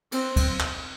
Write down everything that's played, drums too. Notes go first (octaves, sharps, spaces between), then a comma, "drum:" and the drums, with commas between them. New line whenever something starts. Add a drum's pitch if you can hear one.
C4, drum: cymbal
drum: kick, cymbal
drum: clap